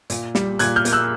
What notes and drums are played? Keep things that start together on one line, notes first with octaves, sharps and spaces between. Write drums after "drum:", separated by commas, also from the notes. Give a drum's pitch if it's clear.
A#2, drum: hi-hat
G3, drum: snare
A#2 F#6 G#6, drum: hi-hat
F6 G6
A#3, drum: hi-hat
E6 F#6